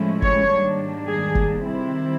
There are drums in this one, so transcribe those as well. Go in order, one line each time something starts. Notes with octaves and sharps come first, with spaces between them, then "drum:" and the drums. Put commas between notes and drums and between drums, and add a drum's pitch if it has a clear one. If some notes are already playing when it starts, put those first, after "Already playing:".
Already playing: A2 F3 G#3 C#4 E4
C#5, drum: kick F#1
G#2 D#3 G3 A#3 D4
G#4
drum: kick F#1
C3 D#3 G3 C4 E4